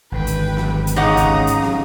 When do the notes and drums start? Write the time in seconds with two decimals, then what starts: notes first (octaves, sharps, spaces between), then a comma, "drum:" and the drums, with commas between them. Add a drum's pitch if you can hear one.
0.12 G#1 D3 B4 G5
0.27 drum: hi-hat
0.57 drum: snare
0.87 drum: hi-hat
0.96 C#3 D#4 F#5 A#5 D6 D#6
1.17 drum: kick, hi-hat
1.47 drum: hi-hat
1.62 drum: snare